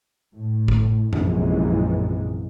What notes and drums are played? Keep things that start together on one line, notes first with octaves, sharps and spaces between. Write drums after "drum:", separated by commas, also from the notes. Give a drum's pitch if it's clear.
A2
drum: kick
A#1 F#2 C3 E3 F3 G#3, drum: tom F2